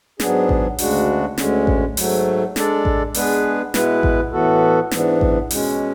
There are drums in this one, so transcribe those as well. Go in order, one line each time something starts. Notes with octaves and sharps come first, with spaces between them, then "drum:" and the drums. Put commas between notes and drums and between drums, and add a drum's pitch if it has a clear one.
G#2 F#3 B3 D4 G#4, drum: snare
drum: kick A1
D2 C#3 G#3 D4 F#4, drum: open hi-hat
D2 D3 G#3 C#4, drum: snare
drum: kick A1
G#2 F#3 A3, drum: open hi-hat
G#3 D4 A4 D5, drum: snare
drum: kick A1
G#3 B3 D4 G#4 B4, drum: open hi-hat
B2 G#3 B3 E4 B4, drum: snare
drum: kick A1
A2 E3 B3 F#4 A4
G#2 E3 B3 D4, drum: snare
drum: kick A1
B2 G#3 C#4, drum: open hi-hat